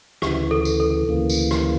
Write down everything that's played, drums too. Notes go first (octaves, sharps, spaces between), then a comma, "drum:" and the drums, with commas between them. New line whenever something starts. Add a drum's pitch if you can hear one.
D2 C#3 E3 G4, drum: rim click
A4
drum: tambourine
A4
D2 C#3 E3 A#3
drum: tambourine
drum: rim click